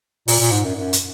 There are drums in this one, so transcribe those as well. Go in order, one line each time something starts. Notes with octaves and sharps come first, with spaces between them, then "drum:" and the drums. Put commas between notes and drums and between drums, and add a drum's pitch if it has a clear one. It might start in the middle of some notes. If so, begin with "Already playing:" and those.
A#2, drum: open hi-hat
A#2
G#2
F#2
F#2
drum: hi-hat